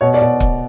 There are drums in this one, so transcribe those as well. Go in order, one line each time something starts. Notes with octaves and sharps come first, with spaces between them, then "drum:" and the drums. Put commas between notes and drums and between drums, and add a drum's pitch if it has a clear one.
B2 C#5
D5
B2
drum: kick